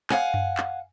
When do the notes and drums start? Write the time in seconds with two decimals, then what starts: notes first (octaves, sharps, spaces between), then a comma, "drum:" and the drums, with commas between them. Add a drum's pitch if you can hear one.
0.10 F5 F#5 G#5, drum: clap
0.34 drum: tom F#2
0.57 drum: clap